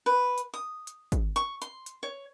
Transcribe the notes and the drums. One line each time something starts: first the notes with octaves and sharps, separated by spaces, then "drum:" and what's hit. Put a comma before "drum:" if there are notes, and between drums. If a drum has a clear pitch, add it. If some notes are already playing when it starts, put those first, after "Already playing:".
B4
drum: hi-hat
D#6
drum: hi-hat
drum: kick G#1, hi-hat
C#6, drum: hi-hat
C6, drum: hi-hat
drum: hi-hat
C#5